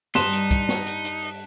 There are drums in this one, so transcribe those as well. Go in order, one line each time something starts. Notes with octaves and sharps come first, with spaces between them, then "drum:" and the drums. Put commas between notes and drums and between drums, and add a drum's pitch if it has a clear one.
G2 G3 D#4 A5 C6 F#6 B6 E7, drum: snare
drum: hi-hat
drum: kick, hi-hat
drum: snare
drum: hi-hat
drum: hi-hat
drum: open hi-hat